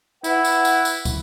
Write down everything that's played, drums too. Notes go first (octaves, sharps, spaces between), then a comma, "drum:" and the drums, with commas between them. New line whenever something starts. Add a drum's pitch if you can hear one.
E4 B4 F#5, drum: tambourine
drum: tambourine
drum: tambourine
drum: tambourine
drum: kick, tambourine